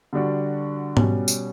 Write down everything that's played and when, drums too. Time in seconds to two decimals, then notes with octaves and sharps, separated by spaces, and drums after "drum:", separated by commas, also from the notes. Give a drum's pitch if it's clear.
0.13 D3 G3 D4 F#4
0.97 B2 G3 C#4, drum: tom G#2
1.28 drum: tambourine